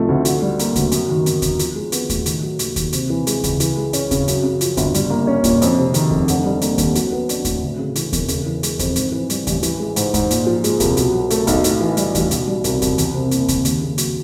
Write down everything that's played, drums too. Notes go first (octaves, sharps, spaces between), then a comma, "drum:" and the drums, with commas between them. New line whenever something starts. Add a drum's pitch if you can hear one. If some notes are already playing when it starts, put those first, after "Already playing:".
Already playing: B1 C3 F3 A3
D2
D3, drum: hi-hat
G3
A#3, drum: hi-hat
D2, drum: kick D#2, hi-hat
F#2, drum: hi-hat
D#3
G1, drum: hi-hat
G1, drum: kick D#2, hi-hat
F3, drum: hi-hat
G#3
B3, drum: hi-hat
A2, drum: kick D#2, hi-hat
D#3, drum: hi-hat
F#3
D#2, drum: hi-hat
D#2, drum: kick D#2, hi-hat
C3, drum: hi-hat
E3
G#3, drum: hi-hat
C#2, drum: kick D#2, hi-hat
E3, drum: hi-hat
G#3
C#4, drum: hi-hat
C#3, drum: kick D#2, hi-hat
F#2, drum: hi-hat
C#3
F3, drum: hi-hat
G1, drum: kick D#2, hi-hat
G3, drum: hi-hat
A#3
C#4
A#2, drum: kick D#2, hi-hat
F2, drum: hi-hat
C3
D#3, drum: hi-hat
F1, drum: kick D#2
D3, drum: hi-hat
G3
A#3, drum: hi-hat
D#2, drum: kick D#2, hi-hat
F#3, drum: hi-hat
B3
D4, drum: hi-hat
A2, drum: kick D#2, hi-hat
D2
C#3
E3, drum: hi-hat
E1, drum: kick D#2, hi-hat
C#3, drum: hi-hat
E3
G#3, drum: hi-hat
F2, drum: kick D#2, hi-hat
G#2, drum: hi-hat
E3
G3, drum: hi-hat
A1, drum: kick D#2, hi-hat
E3, drum: hi-hat
G#3
G#2, drum: hi-hat
G#2, drum: kick D#2, hi-hat
A#2, drum: hi-hat
F3
G#3, drum: hi-hat
C2, drum: kick D#2, hi-hat
B2, drum: hi-hat
F#3
A3, drum: hi-hat
B1, drum: kick D#2, hi-hat
A2, drum: hi-hat
E3
G3, drum: hi-hat
A1, drum: kick D#2, hi-hat
B2, drum: hi-hat
G3
C2, drum: hi-hat
C2, drum: kick D#2, hi-hat
E2, drum: hi-hat
C3
F#1, drum: hi-hat
F#1, drum: kick D#2, hi-hat
D#2, drum: hi-hat
C#3
F#3, drum: hi-hat